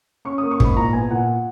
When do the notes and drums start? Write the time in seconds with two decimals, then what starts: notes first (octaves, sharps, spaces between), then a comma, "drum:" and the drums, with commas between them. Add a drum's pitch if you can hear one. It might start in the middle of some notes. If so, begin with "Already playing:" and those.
0.25 C#4 C#6
0.38 A#3 D#6
0.51 C#6
0.60 G#2 B5, drum: kick
0.76 A#2 A#5
0.93 B3 G#5
1.11 A#2 F#5